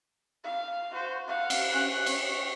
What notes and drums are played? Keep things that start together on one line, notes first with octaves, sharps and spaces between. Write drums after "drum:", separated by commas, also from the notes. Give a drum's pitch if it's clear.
F5
F#4 C5
F5 F#5
drum: cymbal
C#4 F#6
C#5, drum: cymbal